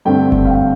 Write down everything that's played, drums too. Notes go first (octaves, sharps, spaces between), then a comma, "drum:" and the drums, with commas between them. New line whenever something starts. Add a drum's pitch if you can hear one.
G2 D3 A3 C4 G5
drum: kick F#1
F5
G5